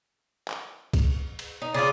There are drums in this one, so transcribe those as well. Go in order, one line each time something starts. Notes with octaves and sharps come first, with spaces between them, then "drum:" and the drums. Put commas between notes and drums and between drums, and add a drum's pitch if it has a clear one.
drum: clap
drum: kick, cymbal
drum: cymbal
D#4
C#3 F4 D5 D#6